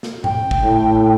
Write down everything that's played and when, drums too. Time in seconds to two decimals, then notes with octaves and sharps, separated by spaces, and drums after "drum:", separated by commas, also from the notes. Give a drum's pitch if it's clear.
0.03 drum: snare
0.24 G5, drum: tom G#2
0.51 drum: kick
0.63 A2